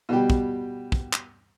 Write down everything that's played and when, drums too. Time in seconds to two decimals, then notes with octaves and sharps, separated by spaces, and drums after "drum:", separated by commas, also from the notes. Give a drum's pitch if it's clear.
0.09 B2 G3 G4
0.30 drum: kick
0.92 drum: kick
1.13 drum: clap